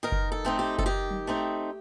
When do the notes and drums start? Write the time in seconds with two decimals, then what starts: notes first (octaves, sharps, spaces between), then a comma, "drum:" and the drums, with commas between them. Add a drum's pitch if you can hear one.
0.03 D#3 A#4
0.12 drum: kick F#1
0.32 A4
0.45 A3 C4 D#4
0.59 G4
0.79 A4, drum: kick F#1
0.86 D#3 G4
1.11 drum: tom
1.27 A3 C4 D#4